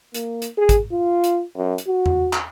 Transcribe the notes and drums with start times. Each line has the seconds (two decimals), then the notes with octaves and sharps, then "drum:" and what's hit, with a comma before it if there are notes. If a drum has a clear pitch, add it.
0.15 A#3, drum: hi-hat
0.42 drum: hi-hat
0.58 G#4
0.69 drum: kick, hi-hat
0.92 F4
1.24 drum: hi-hat
1.57 F#2
1.78 drum: hi-hat
1.88 F#4
2.06 drum: tom E2
2.33 drum: clap